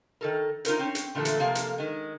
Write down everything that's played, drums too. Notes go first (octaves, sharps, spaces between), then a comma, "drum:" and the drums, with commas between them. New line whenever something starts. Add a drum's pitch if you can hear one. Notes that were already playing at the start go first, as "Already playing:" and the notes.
D#3 A4 A#4
D#4 F4 A#4 C5, drum: hi-hat
C4 C#4
drum: hi-hat
A#2 D3 E3 F3 A3 A4
drum: hi-hat
C3 F3 A#3 A4 F5
drum: hi-hat
D#3 G#3